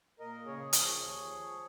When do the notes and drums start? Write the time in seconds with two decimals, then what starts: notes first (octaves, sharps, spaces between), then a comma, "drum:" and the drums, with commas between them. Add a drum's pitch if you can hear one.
0.20 A#2 A#4 D#5
0.45 C#3 G#4 C#5
0.73 F3, drum: hi-hat
0.85 G#4 C#5
0.99 D#2
1.25 F3
1.51 G#3